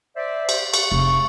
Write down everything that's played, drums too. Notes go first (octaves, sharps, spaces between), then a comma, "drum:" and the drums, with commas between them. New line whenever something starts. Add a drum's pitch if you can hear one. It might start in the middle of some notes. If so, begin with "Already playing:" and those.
C5 D5 E5
drum: cymbal
C#6, drum: cymbal
F1